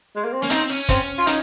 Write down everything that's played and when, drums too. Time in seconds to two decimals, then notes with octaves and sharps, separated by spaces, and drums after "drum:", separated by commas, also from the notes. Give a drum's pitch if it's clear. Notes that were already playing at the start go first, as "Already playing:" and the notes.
0.15 G#3
0.24 A#3
0.32 C4
0.41 A#3 C#4
0.50 C4 D#4, drum: hi-hat
0.70 C#4
0.89 C4, drum: kick, hi-hat
1.18 F4
1.27 D#4, drum: hi-hat